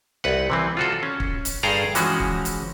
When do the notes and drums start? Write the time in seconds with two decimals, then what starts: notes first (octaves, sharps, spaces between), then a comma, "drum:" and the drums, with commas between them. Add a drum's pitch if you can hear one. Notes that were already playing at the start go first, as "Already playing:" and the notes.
0.24 C2 B4 F#5
0.50 C3 E3 C4
0.77 F4 F#4 A4
1.03 C#4
1.20 drum: kick
1.45 drum: hi-hat
1.63 G2 G#4 A4 F5 G5 A#5
1.95 E3 F3 G#3 C#4 F#4, drum: hi-hat
2.20 drum: kick
2.45 drum: hi-hat